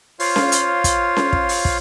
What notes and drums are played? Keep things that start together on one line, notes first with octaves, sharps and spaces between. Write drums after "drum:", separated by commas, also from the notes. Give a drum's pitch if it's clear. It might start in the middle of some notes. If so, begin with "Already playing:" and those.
F4 C5 C#5 F5, drum: open hi-hat
drum: snare C#4
drum: hi-hat
drum: kick, hi-hat
drum: snare C#4
drum: kick
drum: open hi-hat
drum: kick